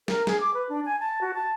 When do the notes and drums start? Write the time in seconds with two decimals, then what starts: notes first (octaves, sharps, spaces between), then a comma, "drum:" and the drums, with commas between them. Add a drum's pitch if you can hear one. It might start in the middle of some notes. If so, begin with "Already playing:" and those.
0.08 A#4, drum: snare
0.27 G#4, drum: snare
0.40 D6
0.54 B4
0.69 D4
0.85 G#5
1.00 A5
1.21 F#4
1.34 A5